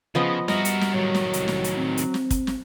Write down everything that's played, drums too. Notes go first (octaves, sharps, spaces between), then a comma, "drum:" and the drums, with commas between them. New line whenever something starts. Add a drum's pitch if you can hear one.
C#3 F3 B3 D#5
G3 F#4 A#4 D#5 E5, drum: snare
drum: hi-hat
drum: snare
A2 D#3 F#3
drum: snare
C2, drum: hi-hat
drum: snare
drum: hi-hat
C4
drum: hi-hat
drum: snare
drum: kick, hi-hat
drum: snare